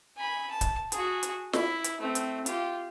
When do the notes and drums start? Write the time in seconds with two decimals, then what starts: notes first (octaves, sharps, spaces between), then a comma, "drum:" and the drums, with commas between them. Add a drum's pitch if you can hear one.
0.17 G#5 B5
0.51 A5
0.61 drum: kick C#1, hi-hat
0.92 F#4 G#4, drum: hi-hat
1.23 drum: hi-hat
1.53 E4, drum: snare
1.84 drum: hi-hat
2.00 A3 C4
2.15 drum: hi-hat
2.46 F4 G4, drum: hi-hat